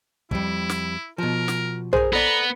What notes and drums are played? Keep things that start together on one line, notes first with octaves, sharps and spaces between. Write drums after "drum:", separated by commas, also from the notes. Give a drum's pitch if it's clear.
F2 G3 E4, drum: kick
drum: snare
B2 F3 A#4
drum: snare
G#4 A#4 C5, drum: tom A#1
B3 A4 D5 A#5 B5